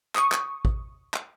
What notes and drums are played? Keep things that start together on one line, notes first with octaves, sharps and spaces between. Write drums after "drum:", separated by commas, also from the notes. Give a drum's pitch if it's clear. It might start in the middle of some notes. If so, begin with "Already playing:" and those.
C#6 D#6, drum: clap
drum: clap
drum: kick A1
drum: clap